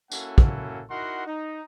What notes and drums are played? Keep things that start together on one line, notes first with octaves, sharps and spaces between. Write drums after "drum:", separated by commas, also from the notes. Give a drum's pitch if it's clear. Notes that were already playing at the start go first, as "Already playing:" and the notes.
A#3 C#4 E4 F#4 A4 F#5, drum: tambourine
drum: kick
D#4 E4 F#4 A#4 F#5 C6
D#4